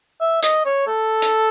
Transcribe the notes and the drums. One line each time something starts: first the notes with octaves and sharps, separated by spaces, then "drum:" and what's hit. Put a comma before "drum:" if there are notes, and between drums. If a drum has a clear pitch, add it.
E5
D#5, drum: hi-hat
C#5
A4
drum: hi-hat